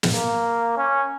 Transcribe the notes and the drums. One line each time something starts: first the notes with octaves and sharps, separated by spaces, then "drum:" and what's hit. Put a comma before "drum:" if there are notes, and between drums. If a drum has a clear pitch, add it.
drum: snare
A#3
C#4